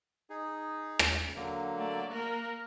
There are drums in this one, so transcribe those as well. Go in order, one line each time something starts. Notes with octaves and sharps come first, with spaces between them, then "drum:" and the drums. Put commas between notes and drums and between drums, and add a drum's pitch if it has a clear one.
D#4 G#4
drum: rim click
D3 F#3 A#3
A3 D5
A#3 A#4 F#6